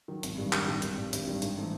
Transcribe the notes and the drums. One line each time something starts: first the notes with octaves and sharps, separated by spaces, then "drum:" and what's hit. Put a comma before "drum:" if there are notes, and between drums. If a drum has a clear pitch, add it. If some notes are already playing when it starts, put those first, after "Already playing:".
D#3 F#3
G#1, drum: hi-hat
G2 D#3 G3
G#1, drum: clap
G2 D#3 G3
G#1, drum: hi-hat
G2 D#3 G3
G#1, drum: hi-hat
G2 D#3 G3
G#2, drum: hi-hat
E3 A3 C4 D#4